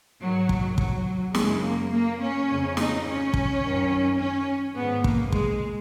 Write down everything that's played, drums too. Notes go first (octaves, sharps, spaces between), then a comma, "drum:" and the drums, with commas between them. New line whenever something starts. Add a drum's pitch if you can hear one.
G#2 D#3 F#3
drum: kick
F#3, drum: kick
F#2 C#3 G#3, drum: snare
A#3
A#3
C#4
F2 C#3
D#4, drum: snare
C#4
drum: kick
F#2 D#3
C#4
G#2 D#3 B3
A#3, drum: kick
G#3, drum: kick